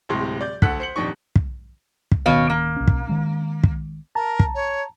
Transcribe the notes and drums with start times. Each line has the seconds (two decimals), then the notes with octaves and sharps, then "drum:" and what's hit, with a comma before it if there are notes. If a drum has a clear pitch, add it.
0.09 D1 A2 C3 G#3 C6
0.41 D5 G6
0.62 D2 A4 F#5 F#6 B6, drum: kick
0.80 C5 C#7 F#7
0.96 D#1 F2 D4 D#4 C#6
1.36 drum: kick
2.12 drum: kick
2.26 D1 B2 D#3 C#4 C#5 F5
2.50 A#3
2.76 B1 C#4
2.88 drum: kick
3.07 D#3 G#3 C#4
3.64 drum: kick
4.15 A#4 A5 A#5
4.40 drum: kick
4.55 C#5